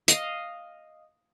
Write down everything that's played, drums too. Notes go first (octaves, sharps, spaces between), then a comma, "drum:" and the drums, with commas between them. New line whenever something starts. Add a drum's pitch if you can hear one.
D#5 F5, drum: hi-hat